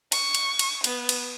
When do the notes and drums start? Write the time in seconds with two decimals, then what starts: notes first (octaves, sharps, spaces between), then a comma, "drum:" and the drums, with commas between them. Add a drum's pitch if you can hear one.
0.12 C#6, drum: cymbal
0.35 drum: cymbal
0.59 drum: cymbal
0.84 B3, drum: cymbal
1.09 drum: cymbal